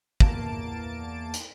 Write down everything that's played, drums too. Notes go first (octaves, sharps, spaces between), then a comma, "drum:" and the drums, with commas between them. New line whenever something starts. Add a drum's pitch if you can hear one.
E2 A#3 A5 D7, drum: kick
drum: hi-hat